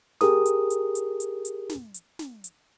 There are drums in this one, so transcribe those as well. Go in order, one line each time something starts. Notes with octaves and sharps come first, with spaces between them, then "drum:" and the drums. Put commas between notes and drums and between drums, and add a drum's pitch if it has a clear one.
G4 G#4 A#4 D#6, drum: snare
drum: hi-hat
drum: hi-hat
drum: hi-hat
drum: hi-hat
drum: hi-hat
drum: snare
drum: hi-hat
drum: snare
drum: hi-hat